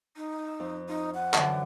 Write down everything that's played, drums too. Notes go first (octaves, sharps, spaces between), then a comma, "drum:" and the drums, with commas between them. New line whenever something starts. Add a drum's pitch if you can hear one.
D#4
E6
F2
D#4 F4
F#5
F#2 D3 E3, drum: clap